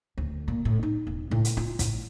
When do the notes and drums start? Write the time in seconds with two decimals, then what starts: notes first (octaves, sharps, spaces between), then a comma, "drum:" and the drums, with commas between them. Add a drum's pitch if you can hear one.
0.18 D2
0.48 A#2
0.65 A2
0.83 D#4
1.07 E1
1.31 A2
1.45 drum: hi-hat
1.57 F4
1.79 A2, drum: kick, hi-hat